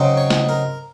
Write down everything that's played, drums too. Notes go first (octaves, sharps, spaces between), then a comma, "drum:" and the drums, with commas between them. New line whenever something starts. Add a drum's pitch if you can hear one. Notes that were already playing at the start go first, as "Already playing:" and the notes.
Already playing: C#3 F#3 C4 D#4
C#5
drum: snare
A#4